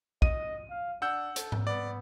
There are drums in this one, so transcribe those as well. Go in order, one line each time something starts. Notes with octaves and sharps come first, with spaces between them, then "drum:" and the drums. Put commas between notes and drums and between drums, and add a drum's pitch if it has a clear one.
D#5 D#7, drum: kick
F5
D4 F#5 E6 G6
A4, drum: hi-hat
drum: tom G#2
B3 D5